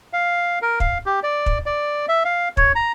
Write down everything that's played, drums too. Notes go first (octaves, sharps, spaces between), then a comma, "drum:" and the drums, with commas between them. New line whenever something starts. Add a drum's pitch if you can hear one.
F5
A#4
F5, drum: kick
G4
D5
drum: kick
D5
E5
F5
C#5, drum: kick
A#5